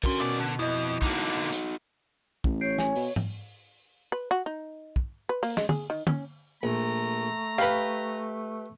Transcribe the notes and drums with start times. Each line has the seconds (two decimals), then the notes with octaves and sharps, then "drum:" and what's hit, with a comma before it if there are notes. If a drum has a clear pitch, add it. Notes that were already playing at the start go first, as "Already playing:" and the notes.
0.04 D3 C#4 F#4 A#4 C6, drum: kick
0.21 B2 D#3 D5 F#5
0.40 D3
0.59 F2 E4 D#5
1.02 D3 A#3 D#4 F#4, drum: kick
1.53 drum: hi-hat
2.44 A1, drum: kick
2.61 C#5 G6 C7 D7
2.79 G#5, drum: snare
2.96 B2, drum: open hi-hat
3.16 drum: tom G#2
4.12 B4
4.31 F#4
4.46 D#4
4.96 drum: kick
5.29 B4
5.43 A#3, drum: open hi-hat
5.57 G#3, drum: snare
5.69 G#4, drum: tom D3
5.90 D#3
6.07 C#4, drum: tom D3
6.63 A#1 A3 A#5
7.58 G4 B4 F5 B5